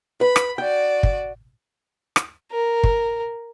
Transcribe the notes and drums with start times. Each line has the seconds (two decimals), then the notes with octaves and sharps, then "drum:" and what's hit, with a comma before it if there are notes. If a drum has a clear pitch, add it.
0.21 B4 B5
0.36 drum: rim click
0.58 F#4 D5 G5
1.03 drum: kick
2.16 drum: rim click
2.52 A#4
2.84 drum: kick